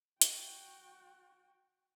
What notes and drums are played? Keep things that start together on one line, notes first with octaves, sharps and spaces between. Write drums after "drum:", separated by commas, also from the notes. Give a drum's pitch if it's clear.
F#4 G5, drum: hi-hat